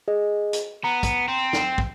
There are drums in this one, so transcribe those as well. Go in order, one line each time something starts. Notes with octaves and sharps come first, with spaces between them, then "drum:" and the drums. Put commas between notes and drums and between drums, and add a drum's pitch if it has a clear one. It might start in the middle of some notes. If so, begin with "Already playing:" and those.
G#4 D#5
drum: hi-hat
B3 A#5
drum: kick, hi-hat
C4
drum: snare
drum: kick